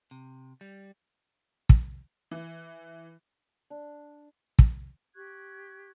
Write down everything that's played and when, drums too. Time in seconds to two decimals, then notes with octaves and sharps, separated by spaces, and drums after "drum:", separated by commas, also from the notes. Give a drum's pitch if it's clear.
0.11 C3
0.61 G3
1.69 drum: kick
2.31 E3
3.70 D4
4.59 drum: kick
5.15 G4 C#6 F#6 G#6